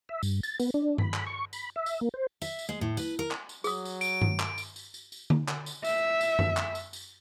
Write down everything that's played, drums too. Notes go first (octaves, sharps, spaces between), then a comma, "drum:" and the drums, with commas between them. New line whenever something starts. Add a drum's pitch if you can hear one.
E5
G2, drum: tambourine
A6, drum: tambourine
B3, drum: tambourine
D4
B5, drum: tom G2
drum: clap
C#6
B5, drum: tambourine
E5
drum: tambourine
A#3
C5
E5, drum: tambourine
drum: tambourine
G#3
A2
B4, drum: tambourine
A#4
drum: clap
drum: tambourine
F#3 G#4 D#6, drum: tambourine
drum: tambourine
D7, drum: tambourine
drum: tom G2
drum: clap
drum: tambourine
drum: tambourine
drum: tambourine
drum: tambourine
drum: tom D3
drum: clap
drum: tambourine
E5, drum: tambourine
drum: tambourine
drum: tom F#2
drum: clap
drum: tambourine
drum: tambourine